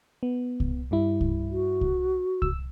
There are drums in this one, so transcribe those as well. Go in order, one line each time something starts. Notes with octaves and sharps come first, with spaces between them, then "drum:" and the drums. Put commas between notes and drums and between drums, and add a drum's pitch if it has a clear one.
B3
drum: kick C2
G2 G3 E4
drum: kick C2
F#4
drum: kick C2
E6, drum: kick C2